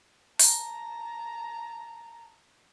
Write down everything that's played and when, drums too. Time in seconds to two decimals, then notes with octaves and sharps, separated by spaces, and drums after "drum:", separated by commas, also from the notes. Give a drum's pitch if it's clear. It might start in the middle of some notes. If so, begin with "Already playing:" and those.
0.39 A5 A#5, drum: open hi-hat